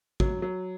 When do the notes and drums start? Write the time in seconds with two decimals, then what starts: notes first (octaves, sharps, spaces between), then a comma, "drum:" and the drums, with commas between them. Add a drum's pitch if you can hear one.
0.20 F#3, drum: kick A1
0.42 F#3